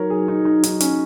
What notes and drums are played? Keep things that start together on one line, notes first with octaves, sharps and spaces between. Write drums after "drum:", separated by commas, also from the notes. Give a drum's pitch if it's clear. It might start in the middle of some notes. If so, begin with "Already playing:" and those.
Already playing: F#3 D#4 F#4 A#4 C#5
G#4
D#4
D#4
D#4, drum: hi-hat
C#4, drum: hi-hat